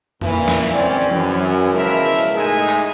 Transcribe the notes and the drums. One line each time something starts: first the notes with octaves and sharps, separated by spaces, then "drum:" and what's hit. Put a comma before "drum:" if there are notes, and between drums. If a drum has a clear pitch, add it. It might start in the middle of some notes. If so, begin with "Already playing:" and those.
A#2 E3, drum: tom E2
drum: snare
C#2 C4 C#4 D5
F#2 E3, drum: tom E3
C#2 B2 F3 E4 A#4 E5
drum: cymbal
A2 G#3 D#4 G#4 E5 G#5
drum: clap